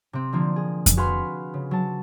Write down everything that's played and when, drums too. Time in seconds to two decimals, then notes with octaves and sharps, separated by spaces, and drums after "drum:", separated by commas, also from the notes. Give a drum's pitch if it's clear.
0.13 C3 C4
0.33 D3 F3 A#3
0.56 G#4
0.86 drum: kick F2, hi-hat
0.97 F#4 G#4 B4 F5 B5 C6
1.54 C#3
1.71 F#3 A5